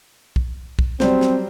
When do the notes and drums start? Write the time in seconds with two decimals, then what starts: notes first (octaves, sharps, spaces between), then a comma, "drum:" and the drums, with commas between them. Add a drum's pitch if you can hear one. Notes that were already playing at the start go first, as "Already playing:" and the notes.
0.36 drum: kick
0.79 drum: kick
1.00 F#3 G3 C4 C5, drum: snare
1.21 drum: snare